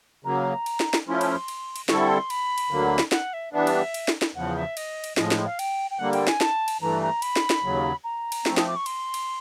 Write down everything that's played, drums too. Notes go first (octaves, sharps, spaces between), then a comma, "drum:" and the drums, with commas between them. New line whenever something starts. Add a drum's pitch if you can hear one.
C#3 F#3 A#3 A#5
drum: cymbal
drum: snare
drum: snare
F3 A3 C#4 E4 C6
drum: cymbal
drum: cymbal
drum: cymbal
D3 G3 C4 E4 A4 C#6, drum: snare
C6
B5, drum: cymbal
drum: cymbal
D2 D3 F#3 A#3
drum: snare
F#5, drum: snare
E5
E3 G3 B3 D4 E5
drum: cymbal
drum: cymbal
drum: snare
drum: snare
E2 C#3 F3 F#5
E5
D#5, drum: cymbal
drum: cymbal
A2 F3 G#3 D#5, drum: snare
drum: snare
F5
G5, drum: cymbal
G5
D3 G3 A#3 F#5
G5, drum: cymbal
G#5, drum: snare
A5, drum: snare
drum: cymbal
G2 E3 A3 A#5
A#5
B5, drum: cymbal
drum: snare
drum: snare
D#2 C#3 F#3
A#5
drum: cymbal
F3 A3 C4, drum: snare
D#6, drum: snare
D6
C#6
C6, drum: cymbal
drum: cymbal